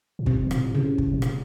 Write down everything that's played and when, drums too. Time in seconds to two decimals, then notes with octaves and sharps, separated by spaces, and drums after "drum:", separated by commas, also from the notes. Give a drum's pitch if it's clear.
0.19 A2
0.26 G#2 C3, drum: kick
0.47 A2
0.51 A#2, drum: rim click
0.63 A2
0.75 C#3
0.98 drum: kick
1.13 B2
1.22 A#2, drum: rim click